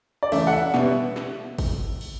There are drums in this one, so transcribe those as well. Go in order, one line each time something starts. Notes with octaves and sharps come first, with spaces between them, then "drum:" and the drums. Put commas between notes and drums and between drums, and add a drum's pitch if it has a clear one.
D5
C#3 E3 A3 E5, drum: cymbal
F#5
E5
B2 G3 B3, drum: snare
drum: snare
drum: kick, cymbal
drum: cymbal